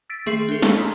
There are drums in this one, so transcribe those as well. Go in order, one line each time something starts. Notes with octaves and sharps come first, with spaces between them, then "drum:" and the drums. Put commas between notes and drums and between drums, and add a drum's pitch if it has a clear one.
E6 A6 B6 D7
D#3 A3 G#4 E5 C6 C7
D4 A4
G#5 A5 B5 C#6 E6 G#6, drum: snare
A#5 C6 D#6 F6 B6